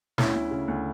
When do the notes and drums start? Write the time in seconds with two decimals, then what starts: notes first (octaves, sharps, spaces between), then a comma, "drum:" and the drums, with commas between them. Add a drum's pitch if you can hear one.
0.18 D2 C#4 E4, drum: snare
0.35 D2
0.51 C#3
0.68 D2